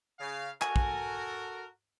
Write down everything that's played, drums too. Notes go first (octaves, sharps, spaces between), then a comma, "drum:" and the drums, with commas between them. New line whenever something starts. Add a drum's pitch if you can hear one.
C#3 F5
F#4 A4 A#4 G#5, drum: clap
drum: kick